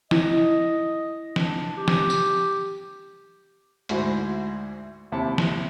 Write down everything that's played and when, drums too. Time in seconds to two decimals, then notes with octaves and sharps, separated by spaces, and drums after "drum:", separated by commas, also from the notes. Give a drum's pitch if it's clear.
0.11 E4 D#5, drum: snare
1.36 D4, drum: snare
1.77 G4
1.88 drum: snare
2.10 drum: tambourine
3.89 D2 G#2 E4 F#4 C5, drum: hi-hat
5.12 D#2 C3 E4 A5
5.38 drum: snare